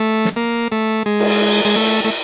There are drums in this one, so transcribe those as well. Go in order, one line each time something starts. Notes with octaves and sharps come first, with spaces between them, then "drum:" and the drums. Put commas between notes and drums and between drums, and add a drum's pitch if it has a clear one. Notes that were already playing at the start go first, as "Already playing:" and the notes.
Already playing: A3
drum: snare
A#3
A3
G#3
drum: cymbal
G#3
A3
drum: hi-hat
A3